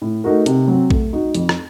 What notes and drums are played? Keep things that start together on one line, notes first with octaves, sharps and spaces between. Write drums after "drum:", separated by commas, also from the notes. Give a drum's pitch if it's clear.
A2
A3 D#4 F#4 A#4
C3, drum: hi-hat
F#3 C4
A3, drum: kick A#1
D#4 F#4
F2, drum: hi-hat
drum: rim click